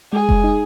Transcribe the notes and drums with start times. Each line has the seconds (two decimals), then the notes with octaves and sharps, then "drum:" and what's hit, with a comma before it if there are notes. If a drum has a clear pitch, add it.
0.13 G#3 G#4
0.29 G#3, drum: kick F1
0.44 D#4